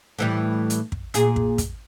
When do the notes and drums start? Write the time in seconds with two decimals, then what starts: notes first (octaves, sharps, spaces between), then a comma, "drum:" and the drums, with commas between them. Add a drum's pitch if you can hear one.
0.19 A2 E3 G3
0.70 drum: hi-hat
0.92 drum: kick
1.14 A#2 G#4, drum: hi-hat
1.36 drum: kick
1.58 drum: kick, hi-hat